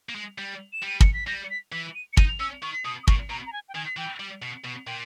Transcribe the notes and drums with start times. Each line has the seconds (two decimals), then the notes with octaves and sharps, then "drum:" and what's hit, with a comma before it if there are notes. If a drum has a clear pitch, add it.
0.09 A#3
0.15 G#3
0.38 G3
0.73 E7
0.83 G3 D#7
1.00 C#7, drum: kick
1.14 B6
1.27 G3 A#6
1.44 C#7
1.50 B6
1.72 E3 B6
1.95 D#7
2.13 C#7
2.17 D#4 D#7, drum: kick
2.40 C#4 E6
2.62 D#3 C#6
2.85 B2 D#6
3.03 D#6
3.07 A#2 C#6, drum: kick
3.30 B2 A#5
3.46 A#5
3.53 G#5
3.69 G5
3.75 D#3 G#5
3.97 E3 G5
4.20 G3
4.42 B2
4.65 B2
4.87 A#2 G5